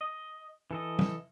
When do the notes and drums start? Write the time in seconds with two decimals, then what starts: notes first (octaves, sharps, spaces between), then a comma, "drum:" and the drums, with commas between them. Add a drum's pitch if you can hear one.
0.01 D#5
0.71 E3 A4 D#5
0.99 drum: tom